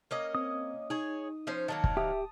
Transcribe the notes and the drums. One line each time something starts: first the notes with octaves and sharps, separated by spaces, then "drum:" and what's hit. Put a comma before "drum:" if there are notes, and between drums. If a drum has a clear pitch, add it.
A#3 C#4 D#5
C4 D#6
D#4 G#4 C#5
F3 C#4 C5
D#3 F#3 A#3 A5
drum: kick
G4 E5 D#6